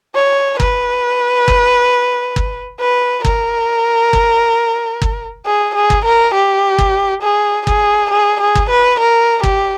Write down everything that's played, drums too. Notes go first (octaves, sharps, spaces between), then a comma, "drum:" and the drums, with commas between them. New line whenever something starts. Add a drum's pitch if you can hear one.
C#5
B4, drum: kick
drum: kick
drum: kick
B4
A#4, drum: kick
drum: kick
drum: kick
G#4
G#4
drum: kick
A#4
G4
drum: kick
G#4
G#4, drum: kick
G#4
G#4
drum: kick
B4
A#4
G4, drum: kick